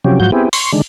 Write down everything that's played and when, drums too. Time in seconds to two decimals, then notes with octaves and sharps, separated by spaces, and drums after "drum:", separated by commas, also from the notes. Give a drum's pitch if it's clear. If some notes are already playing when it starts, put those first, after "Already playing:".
0.04 C3 F3 F#3 C#4 G4
0.20 G#2 F3 F#3 F#4 G6
0.32 B3 C4 E4 G4 G#4
0.53 C6 C#6, drum: open hi-hat
0.73 D3 D#3 G#3 D4